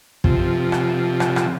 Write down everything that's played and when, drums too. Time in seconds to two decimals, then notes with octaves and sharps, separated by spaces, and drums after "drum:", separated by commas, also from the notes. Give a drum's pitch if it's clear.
0.24 C3 F3, drum: kick
0.72 drum: rim click
1.20 drum: rim click
1.36 drum: rim click